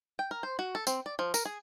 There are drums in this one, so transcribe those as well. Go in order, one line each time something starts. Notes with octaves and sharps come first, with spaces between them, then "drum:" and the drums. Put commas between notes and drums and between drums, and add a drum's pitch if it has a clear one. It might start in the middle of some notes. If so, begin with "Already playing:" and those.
G5
A#4
C5
F#4
A4
C4, drum: tambourine
D5
F3
A#4, drum: tambourine
G#4